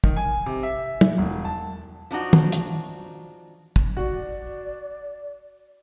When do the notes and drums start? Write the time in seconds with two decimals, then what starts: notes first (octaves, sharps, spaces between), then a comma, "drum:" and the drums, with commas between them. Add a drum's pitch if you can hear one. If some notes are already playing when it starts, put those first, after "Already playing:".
0.04 D#3, drum: kick
0.17 G#5
0.46 C3
0.63 E5
1.01 drum: tom
1.18 E1
1.45 A5
2.11 F3 D4 D#4 F#4
2.33 drum: tom
2.52 drum: hi-hat
3.76 drum: kick
3.97 F#4 D5